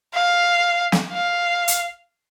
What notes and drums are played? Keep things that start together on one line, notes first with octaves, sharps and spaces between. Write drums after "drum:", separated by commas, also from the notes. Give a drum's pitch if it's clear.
F5
drum: snare
F5
drum: hi-hat